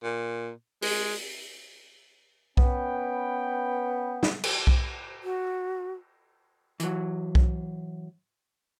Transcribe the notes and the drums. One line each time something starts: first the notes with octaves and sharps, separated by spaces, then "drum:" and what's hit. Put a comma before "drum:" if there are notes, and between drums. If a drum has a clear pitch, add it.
A#2
G#3, drum: open hi-hat
B3 C#4 B4 G5, drum: kick B1
drum: snare
drum: cymbal
drum: kick B1
F#4
E3 F#3, drum: hi-hat
drum: kick B1